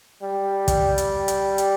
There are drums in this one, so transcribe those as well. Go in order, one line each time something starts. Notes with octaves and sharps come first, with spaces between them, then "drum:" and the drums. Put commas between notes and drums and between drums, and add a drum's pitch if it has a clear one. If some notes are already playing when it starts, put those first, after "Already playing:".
G3
drum: kick, hi-hat
drum: hi-hat
drum: hi-hat
drum: hi-hat